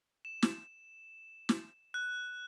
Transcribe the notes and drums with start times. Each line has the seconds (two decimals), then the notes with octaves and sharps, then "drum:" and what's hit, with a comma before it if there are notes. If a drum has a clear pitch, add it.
0.25 E7
0.42 drum: snare
1.49 drum: snare
1.94 F#6